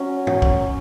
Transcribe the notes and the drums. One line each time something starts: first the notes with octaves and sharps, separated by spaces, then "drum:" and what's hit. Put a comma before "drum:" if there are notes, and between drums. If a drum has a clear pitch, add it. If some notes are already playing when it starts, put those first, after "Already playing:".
Already playing: F#3 C#4
F#3, drum: tom
drum: kick